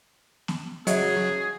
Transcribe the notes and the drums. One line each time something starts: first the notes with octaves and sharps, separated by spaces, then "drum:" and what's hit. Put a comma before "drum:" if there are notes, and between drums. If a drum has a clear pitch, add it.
drum: snare B3
C#3 F#3 G#4 D#5 E5, drum: hi-hat